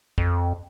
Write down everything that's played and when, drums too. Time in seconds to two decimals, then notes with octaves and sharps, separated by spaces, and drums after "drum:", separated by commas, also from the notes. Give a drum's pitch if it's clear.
0.18 F2, drum: kick